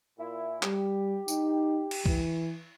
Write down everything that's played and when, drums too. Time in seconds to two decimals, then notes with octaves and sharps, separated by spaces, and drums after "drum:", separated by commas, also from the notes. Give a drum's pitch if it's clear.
0.17 A#2 E4
0.63 G3 G4, drum: clap
1.28 D#4, drum: tambourine
1.91 drum: cymbal
2.06 E3, drum: kick